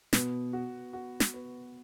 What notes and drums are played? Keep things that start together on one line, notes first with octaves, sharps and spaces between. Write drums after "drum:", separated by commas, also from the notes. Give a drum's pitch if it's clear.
B2 B3, drum: snare
F#4
F#4
drum: snare
B3